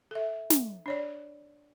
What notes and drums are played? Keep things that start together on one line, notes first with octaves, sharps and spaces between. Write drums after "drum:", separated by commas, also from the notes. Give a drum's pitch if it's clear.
A4 E5
drum: snare
D4 C#5 D5